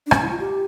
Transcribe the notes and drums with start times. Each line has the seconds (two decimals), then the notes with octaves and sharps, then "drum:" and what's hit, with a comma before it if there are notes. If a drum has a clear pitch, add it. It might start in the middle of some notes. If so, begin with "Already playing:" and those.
0.06 D4
0.11 C#4, drum: rim click
0.21 E4
0.31 F4
0.40 G4